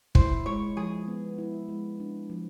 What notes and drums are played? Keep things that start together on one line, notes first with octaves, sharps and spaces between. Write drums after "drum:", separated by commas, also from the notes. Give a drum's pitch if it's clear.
E4 C5, drum: kick
G#3 C#5
F3 G#4
B3
E4
G#3
D4
F3